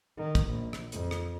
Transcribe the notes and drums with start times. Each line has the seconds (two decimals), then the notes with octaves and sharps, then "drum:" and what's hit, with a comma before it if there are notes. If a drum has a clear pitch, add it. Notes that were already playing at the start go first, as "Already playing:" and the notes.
0.17 D#3
0.35 drum: kick, hi-hat
0.47 A#1
0.73 drum: rim click
0.92 F2, drum: hi-hat
1.11 drum: rim click